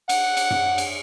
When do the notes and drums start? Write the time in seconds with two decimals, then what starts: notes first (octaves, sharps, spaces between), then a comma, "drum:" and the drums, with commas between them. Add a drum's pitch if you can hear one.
0.09 F#5, drum: cymbal
0.37 drum: cymbal
0.51 drum: tom F#2
0.78 drum: cymbal